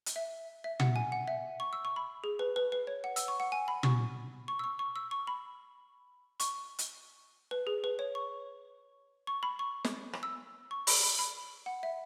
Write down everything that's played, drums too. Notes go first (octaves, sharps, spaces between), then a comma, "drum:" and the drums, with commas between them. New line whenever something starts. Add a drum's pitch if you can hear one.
drum: hi-hat
E5
E5
F#5, drum: tom
G#5
F#5
E5
C#6
E6
C#6
B5
G#4
B4
B4
B4
C#5
F#5
E6, drum: hi-hat
C#6
F#5
G#5
B5
C#6, drum: tom
C#6
E6
C#6
C#6
E6
C#6
B5
C#6, drum: hi-hat
drum: hi-hat
B4
G#4
B4
C#5
C#6
C#6
B5
C#6
drum: snare
drum: rim click
E6
C#6
B5, drum: open hi-hat
B5
B5
F#5
E5